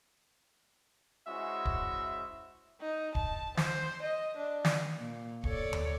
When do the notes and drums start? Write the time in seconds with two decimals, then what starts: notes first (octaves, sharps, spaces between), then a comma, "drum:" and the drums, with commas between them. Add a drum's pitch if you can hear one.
1.28 G#3 C#4 E4 F#4 C5 E5
1.65 drum: kick
2.81 D#4
3.15 A5, drum: kick
3.57 C5, drum: snare
4.02 D#5
4.37 D4
4.65 drum: snare
4.98 A#2
5.44 A4 C#5 D5, drum: kick
5.73 drum: tom D#2